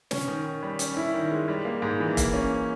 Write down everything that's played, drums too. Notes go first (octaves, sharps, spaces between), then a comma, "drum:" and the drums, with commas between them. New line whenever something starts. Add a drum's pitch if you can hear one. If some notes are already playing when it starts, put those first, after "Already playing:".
C#4, drum: snare
D#3
D#3
G3
C#4, drum: hi-hat
E4
D#3
G#3
G3
A#3
G#2
E3
A#3, drum: kick F1, hi-hat
C#4